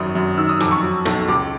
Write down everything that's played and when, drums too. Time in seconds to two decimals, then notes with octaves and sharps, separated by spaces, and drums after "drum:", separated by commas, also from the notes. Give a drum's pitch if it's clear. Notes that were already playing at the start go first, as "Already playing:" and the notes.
Already playing: G#1 F#2 D#6
0.15 F#2
0.38 D#3 E6
0.49 D#6
0.60 F2 D6, drum: hi-hat
0.71 C#6
0.82 F#3
1.06 B1, drum: hi-hat
1.28 C#2 D6